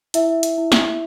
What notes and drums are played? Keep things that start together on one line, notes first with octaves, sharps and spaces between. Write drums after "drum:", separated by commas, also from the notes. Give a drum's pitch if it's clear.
E4 E5, drum: hi-hat
drum: hi-hat
E4
drum: snare